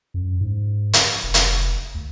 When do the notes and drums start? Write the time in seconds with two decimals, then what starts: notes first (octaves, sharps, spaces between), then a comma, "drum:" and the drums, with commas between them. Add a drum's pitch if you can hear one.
0.14 F#2
0.41 G#2
0.93 drum: hi-hat
1.24 F1
1.34 drum: hi-hat
1.95 D2